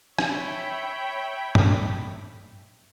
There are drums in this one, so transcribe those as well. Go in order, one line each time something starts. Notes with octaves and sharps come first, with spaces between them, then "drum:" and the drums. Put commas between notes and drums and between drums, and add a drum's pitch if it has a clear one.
C#5 E5 G5 B5, drum: rim click
drum: tom G2